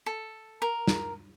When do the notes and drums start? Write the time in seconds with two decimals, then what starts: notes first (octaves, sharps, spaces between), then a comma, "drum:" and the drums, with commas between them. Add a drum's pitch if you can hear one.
0.06 A4
0.62 A#4
0.88 drum: snare